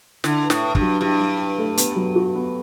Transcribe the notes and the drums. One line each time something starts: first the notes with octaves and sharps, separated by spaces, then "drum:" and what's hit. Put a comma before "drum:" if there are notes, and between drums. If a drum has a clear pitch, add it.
D3 E4, drum: snare
B4
A2, drum: snare
B4
G2, drum: kick
F#3
G2 E4
F#3
B4
A3
B3, drum: hi-hat
F#3
F#4
B3